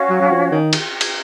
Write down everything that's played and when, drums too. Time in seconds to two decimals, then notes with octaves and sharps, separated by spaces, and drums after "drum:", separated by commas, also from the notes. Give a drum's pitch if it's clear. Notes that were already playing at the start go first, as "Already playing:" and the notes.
Already playing: C#4 F#4 C#5 F5
0.09 F#3
0.21 F#3
0.31 F3
0.52 D#3
0.73 drum: cymbal
1.01 drum: cymbal